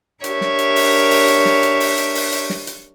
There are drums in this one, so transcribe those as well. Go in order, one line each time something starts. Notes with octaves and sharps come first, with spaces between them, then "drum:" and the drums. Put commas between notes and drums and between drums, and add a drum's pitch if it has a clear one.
D4 G4 A#4 C#5 E5, drum: hi-hat
drum: snare
drum: hi-hat
drum: open hi-hat
drum: open hi-hat
drum: hi-hat
drum: snare
drum: hi-hat
drum: open hi-hat
drum: hi-hat
drum: open hi-hat
drum: hi-hat
drum: snare
drum: hi-hat